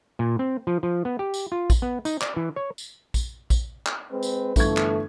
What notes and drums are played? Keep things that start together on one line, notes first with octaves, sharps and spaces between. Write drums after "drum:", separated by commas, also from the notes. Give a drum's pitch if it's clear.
A#2
C4
F3
F3
B3
G4
drum: tambourine
F4
drum: kick, tambourine
B3
D#4, drum: tambourine
D5, drum: clap
E3
C#5
drum: tambourine
drum: kick, tambourine
drum: kick, tambourine
drum: clap
G#3 C4 B4
drum: tambourine
G1 E3 A3 C#6 G#6, drum: kick, tambourine
drum: clap